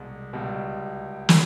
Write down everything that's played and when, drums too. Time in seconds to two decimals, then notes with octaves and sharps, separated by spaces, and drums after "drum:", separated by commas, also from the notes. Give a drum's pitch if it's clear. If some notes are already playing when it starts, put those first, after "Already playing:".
Already playing: C2 B2 G#3
0.33 C#2 B2 G3
1.29 F#3, drum: snare